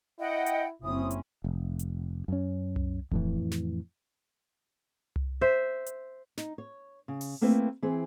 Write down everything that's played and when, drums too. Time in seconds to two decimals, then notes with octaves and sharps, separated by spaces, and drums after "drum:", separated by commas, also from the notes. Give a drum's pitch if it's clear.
0.19 E4 D#5 F#5 G5
0.46 drum: hi-hat
0.83 F#1 C4 C#4 E4 D#6
1.11 drum: hi-hat
1.44 F1
1.79 drum: hi-hat
2.28 F#2 C#4
2.76 drum: tom C2
3.11 F2 A2 E3, drum: kick D1
3.51 drum: snare
5.16 drum: tom C2
5.41 C5 E5
5.86 drum: hi-hat
6.37 D#4, drum: snare
6.58 C#5
7.08 C#3
7.21 drum: open hi-hat
7.41 A3 A#3 C4 E4 B4 C5
7.82 E3 C4 G#4 C5